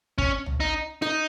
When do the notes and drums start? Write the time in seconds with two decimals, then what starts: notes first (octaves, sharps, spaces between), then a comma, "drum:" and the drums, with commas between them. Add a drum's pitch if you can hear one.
0.18 C#4, drum: kick
0.46 drum: tom
0.60 D#4
1.02 D#4, drum: rim click